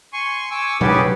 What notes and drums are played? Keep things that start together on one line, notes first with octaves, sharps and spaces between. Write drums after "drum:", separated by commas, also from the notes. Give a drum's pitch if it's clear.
G#5 C6 C#6
G#5 C#6 D6 E6
C#4 G4 G#4 B4 D5, drum: tom B2